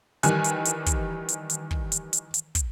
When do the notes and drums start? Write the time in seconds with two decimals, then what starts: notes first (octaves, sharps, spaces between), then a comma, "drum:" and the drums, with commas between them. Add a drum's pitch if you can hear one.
0.23 D#3 E3 G3 G#5 F#6, drum: hi-hat
0.44 drum: hi-hat
0.65 drum: hi-hat
0.86 drum: kick, hi-hat
1.28 drum: hi-hat
1.50 drum: hi-hat
1.71 drum: kick
1.92 drum: hi-hat
2.13 drum: hi-hat
2.34 drum: hi-hat
2.55 drum: kick, hi-hat